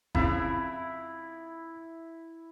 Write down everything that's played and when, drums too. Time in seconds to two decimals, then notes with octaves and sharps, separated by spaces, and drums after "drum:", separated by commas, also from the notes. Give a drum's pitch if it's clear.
0.15 F2 C#3 E4, drum: kick F#1